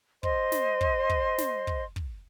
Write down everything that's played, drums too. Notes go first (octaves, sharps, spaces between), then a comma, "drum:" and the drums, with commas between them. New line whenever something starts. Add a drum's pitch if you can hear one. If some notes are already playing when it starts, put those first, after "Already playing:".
C5 D#5 C6, drum: kick
drum: snare
drum: kick
drum: kick
drum: snare
drum: kick
drum: kick